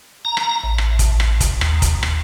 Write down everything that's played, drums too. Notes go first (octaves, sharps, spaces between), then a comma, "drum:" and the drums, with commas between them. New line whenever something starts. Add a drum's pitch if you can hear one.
A#5
drum: rim click
A1
drum: rim click
drum: kick F1, hi-hat
drum: rim click
drum: kick F1, hi-hat
D#2, drum: rim click
drum: kick F1, hi-hat
drum: rim click